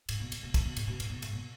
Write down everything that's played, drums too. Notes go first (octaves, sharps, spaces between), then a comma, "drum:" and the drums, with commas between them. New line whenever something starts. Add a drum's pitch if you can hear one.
G#2, drum: cymbal
B2
G#2, drum: cymbal
B2
G#2, drum: kick, cymbal
B2
G#2, drum: cymbal
B2
G#2, drum: cymbal
B2
G#2, drum: cymbal
B2